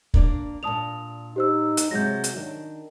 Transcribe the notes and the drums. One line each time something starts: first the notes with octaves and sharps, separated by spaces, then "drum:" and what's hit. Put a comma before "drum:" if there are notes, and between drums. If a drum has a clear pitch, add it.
A#3 D4 D5, drum: kick
A#2 D4 A5 D#6 F7
D#4 G4 C5 E6
drum: hi-hat
C3 F#3 G#3 G6 A#6
drum: hi-hat
D#3 D4